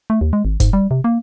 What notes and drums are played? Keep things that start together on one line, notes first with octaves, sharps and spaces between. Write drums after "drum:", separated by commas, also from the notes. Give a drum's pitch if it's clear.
A3
D#2
G#3
G#1
G#2, drum: kick F1, hi-hat
G3
C3
A#3